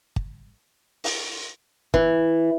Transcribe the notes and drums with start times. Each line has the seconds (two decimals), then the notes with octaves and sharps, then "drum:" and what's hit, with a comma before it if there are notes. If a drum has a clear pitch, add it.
0.16 drum: kick
1.04 drum: open hi-hat
1.94 E3, drum: kick